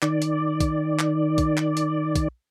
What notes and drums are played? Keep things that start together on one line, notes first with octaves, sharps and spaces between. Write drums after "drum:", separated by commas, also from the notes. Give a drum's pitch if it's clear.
D#3 D5, drum: clap
drum: hi-hat
drum: kick, hi-hat
drum: clap
drum: kick, hi-hat
drum: clap
drum: hi-hat
drum: kick, hi-hat